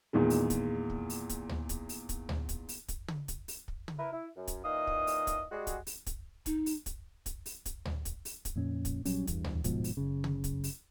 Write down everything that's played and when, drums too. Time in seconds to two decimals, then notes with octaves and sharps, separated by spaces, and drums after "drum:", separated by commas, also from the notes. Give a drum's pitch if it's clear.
0.13 E2 A#2 D#3 G#3
0.30 drum: open hi-hat
0.50 drum: kick, hi-hat
0.90 drum: kick
1.10 drum: open hi-hat
1.29 drum: kick, hi-hat
1.49 drum: tom D2
1.69 drum: kick, hi-hat
1.89 drum: open hi-hat
2.09 drum: kick, hi-hat
2.29 drum: tom D2
2.49 drum: kick, hi-hat
2.69 drum: open hi-hat
2.88 drum: kick, hi-hat
3.08 drum: tom
3.28 drum: kick, hi-hat
3.48 drum: open hi-hat
3.68 drum: kick
3.88 drum: tom
3.99 E4 A#4 B4 E5
4.12 E4
4.36 F#2
4.47 drum: kick, hi-hat
4.64 A#2 E3 D#4 D#5 F5 D#6
4.87 drum: kick
5.07 drum: open hi-hat
5.27 drum: kick, hi-hat
5.51 G3 G#3 F#4 G#4
5.67 drum: kick, hi-hat
5.87 drum: open hi-hat
6.07 drum: kick, hi-hat
6.46 D#4, drum: kick, hi-hat
6.66 drum: open hi-hat
6.86 drum: kick, hi-hat
7.26 drum: kick, hi-hat
7.46 drum: open hi-hat
7.66 drum: kick, hi-hat
7.85 drum: tom D2
8.05 drum: kick, hi-hat
8.25 drum: open hi-hat
8.45 drum: kick, hi-hat
8.56 F2 A#2 C#4
8.85 drum: kick, hi-hat
9.05 A#1 F#3 G3 C#4, drum: open hi-hat
9.27 E2 G2, drum: kick, hi-hat
9.44 drum: tom D2
9.64 D1 G#2 B2 F3, drum: kick, hi-hat
9.84 drum: open hi-hat
9.97 F#1 C#3
10.24 drum: tom
10.44 drum: kick, hi-hat
10.64 drum: open hi-hat